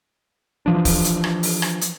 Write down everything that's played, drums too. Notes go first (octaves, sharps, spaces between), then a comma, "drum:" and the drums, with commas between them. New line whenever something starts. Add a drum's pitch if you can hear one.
E3 F3 D4
drum: kick, open hi-hat
drum: hi-hat
drum: rim click
drum: open hi-hat
drum: rim click
drum: hi-hat